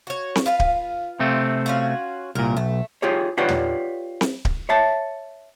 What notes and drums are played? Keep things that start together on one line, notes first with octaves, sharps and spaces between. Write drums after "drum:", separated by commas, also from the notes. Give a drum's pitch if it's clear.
F#4 C#5
drum: snare C4
F4 B4 F5
drum: kick D1
C3 A3 C4
C#4 F4 F#4
C2 A#2 A#4
B1 A3
F4 G4 G#4 C#5
F4 G4 B4 C#5 D5 F#5
drum: tom
drum: snare C4
drum: kick D1
C#5 E5 A5